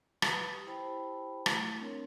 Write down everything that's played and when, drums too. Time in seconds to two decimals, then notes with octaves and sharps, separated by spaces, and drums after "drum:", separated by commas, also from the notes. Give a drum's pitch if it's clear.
0.22 B4 B5 D#6, drum: rim click
0.53 G4
0.66 E4 G4 C5 G5 A5 B5
1.46 A3 E4, drum: rim click
1.79 C4 D4 A#4 C#5